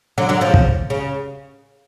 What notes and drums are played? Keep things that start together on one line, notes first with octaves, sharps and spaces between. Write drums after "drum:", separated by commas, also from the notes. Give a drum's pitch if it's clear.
D3 F#3
D3 F#3
C#3 F3
drum: kick
C#3